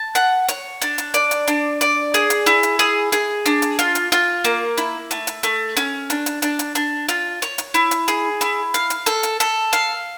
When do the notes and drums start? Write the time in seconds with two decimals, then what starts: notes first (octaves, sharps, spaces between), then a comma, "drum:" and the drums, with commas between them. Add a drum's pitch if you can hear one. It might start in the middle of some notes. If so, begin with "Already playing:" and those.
Already playing: A5
0.15 F#5, drum: hi-hat
0.48 C#5, drum: hi-hat
0.82 D4, drum: hi-hat
0.98 drum: hi-hat
1.14 D5, drum: hi-hat
1.31 drum: hi-hat
1.48 D4, drum: hi-hat
1.81 D5, drum: hi-hat
2.14 G#4, drum: hi-hat
2.30 drum: hi-hat
2.46 E4, drum: hi-hat
2.63 drum: hi-hat
2.79 G#4, drum: hi-hat
3.12 G#4, drum: hi-hat
3.46 D4, drum: hi-hat
3.62 drum: hi-hat
3.79 F4, drum: hi-hat
3.95 drum: hi-hat
4.12 F4, drum: hi-hat
4.44 A#3, drum: hi-hat
4.77 E4, drum: hi-hat
5.11 A3, drum: hi-hat
5.27 drum: hi-hat
5.43 A3, drum: hi-hat
5.77 C#4, drum: hi-hat
6.10 D4, drum: hi-hat
6.26 drum: hi-hat
6.42 D4, drum: hi-hat
6.59 drum: hi-hat
6.75 D4, drum: hi-hat
7.08 F4, drum: hi-hat
7.42 C#5, drum: hi-hat
7.58 drum: hi-hat
7.74 E4, drum: hi-hat
7.91 drum: hi-hat
8.08 G#4, drum: hi-hat
8.41 E4, drum: hi-hat
8.74 F5, drum: hi-hat
8.90 drum: hi-hat
9.06 A4, drum: hi-hat
9.23 drum: hi-hat
9.40 A4, drum: hi-hat
9.73 F5, drum: hi-hat